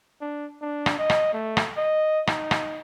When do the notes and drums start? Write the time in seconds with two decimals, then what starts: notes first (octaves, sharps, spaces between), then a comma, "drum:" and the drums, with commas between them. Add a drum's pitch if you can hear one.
0.21 D4
0.62 D4
0.86 drum: rim click
0.99 D#5
1.10 drum: rim click
1.33 A3
1.57 drum: rim click
1.77 D#5
2.27 D#4, drum: rim click
2.51 drum: rim click